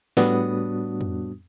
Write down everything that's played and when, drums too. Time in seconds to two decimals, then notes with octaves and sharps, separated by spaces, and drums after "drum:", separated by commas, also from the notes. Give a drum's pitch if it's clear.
0.17 A2 G3 B3 D4 F#4 D#6, drum: snare
1.01 drum: tom F2